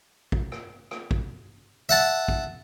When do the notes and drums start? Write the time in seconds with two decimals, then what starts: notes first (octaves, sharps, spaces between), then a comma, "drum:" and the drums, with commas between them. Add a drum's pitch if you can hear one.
0.32 drum: kick
0.52 drum: rim click
0.91 drum: rim click
1.11 drum: kick
1.89 E5 F#5 A5
2.28 drum: kick